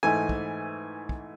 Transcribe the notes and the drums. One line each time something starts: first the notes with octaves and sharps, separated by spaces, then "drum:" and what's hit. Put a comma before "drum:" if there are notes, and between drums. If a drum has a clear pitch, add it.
G#2 E3 A3 G#5
drum: kick
drum: kick